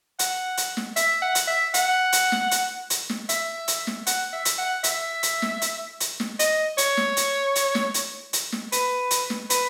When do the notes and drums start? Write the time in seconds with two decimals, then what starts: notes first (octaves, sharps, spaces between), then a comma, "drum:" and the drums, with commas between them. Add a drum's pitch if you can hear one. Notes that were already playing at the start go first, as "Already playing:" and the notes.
0.19 F#5, drum: hi-hat
0.57 drum: hi-hat
0.77 drum: snare
0.96 E5, drum: hi-hat
1.22 F#5
1.35 drum: hi-hat
1.47 E5
1.74 F#5, drum: hi-hat
2.13 drum: hi-hat
2.32 drum: snare
2.51 drum: hi-hat
2.90 drum: hi-hat
3.09 drum: snare
3.29 E5, drum: hi-hat
3.68 drum: hi-hat
3.87 drum: snare
4.07 F#5, drum: hi-hat
4.33 E5
4.45 drum: hi-hat
4.58 F#5
4.84 E5, drum: hi-hat
5.23 drum: hi-hat
5.42 drum: snare
5.62 drum: hi-hat
6.00 drum: hi-hat
6.20 drum: snare
6.39 D#5, drum: hi-hat
6.78 C#5, drum: hi-hat
6.97 drum: snare
7.17 drum: hi-hat
7.55 drum: hi-hat
7.75 drum: snare
7.94 drum: hi-hat
8.33 drum: hi-hat
8.52 drum: snare
8.72 B4, drum: hi-hat
9.11 drum: hi-hat
9.30 drum: snare
9.50 B4, drum: hi-hat